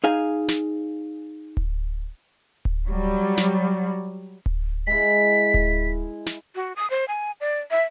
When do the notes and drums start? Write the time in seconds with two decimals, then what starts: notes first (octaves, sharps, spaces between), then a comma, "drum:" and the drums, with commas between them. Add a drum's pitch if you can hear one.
0.04 D#4 G#4 F5 G#5
0.48 drum: snare
1.57 drum: kick D1
2.65 drum: kick D1
2.87 F#3 G3
3.37 drum: snare
4.46 drum: kick D1
4.87 G#3 E4 B6
5.54 drum: kick D1
6.26 drum: snare
6.55 F#4
6.76 D#6
6.90 C5
7.08 G#5
7.41 D5
7.71 E5